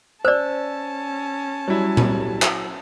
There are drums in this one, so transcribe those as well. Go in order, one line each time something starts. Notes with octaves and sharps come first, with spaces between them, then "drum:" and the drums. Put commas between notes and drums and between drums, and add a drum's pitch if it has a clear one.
C#4 C5 D5 A5 E6
F#3 G3 E4
drum: tom A#2
drum: clap